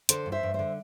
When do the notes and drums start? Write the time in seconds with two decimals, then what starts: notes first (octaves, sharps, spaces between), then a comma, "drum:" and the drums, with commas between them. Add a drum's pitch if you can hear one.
0.09 D3 A4 C5, drum: hi-hat
0.26 G2
0.32 C5 E5
0.43 G2
0.54 D3 C5 E5